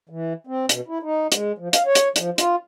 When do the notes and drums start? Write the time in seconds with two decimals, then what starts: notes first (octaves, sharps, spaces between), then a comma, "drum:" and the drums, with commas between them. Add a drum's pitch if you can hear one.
0.09 E3
0.47 C4
0.69 B2, drum: hi-hat
0.88 E4
1.03 D#4
1.32 G#3, drum: hi-hat
1.58 F3
1.73 F5, drum: hi-hat
1.86 C#5
1.95 drum: hi-hat
2.16 F3, drum: hi-hat
2.38 F4, drum: hi-hat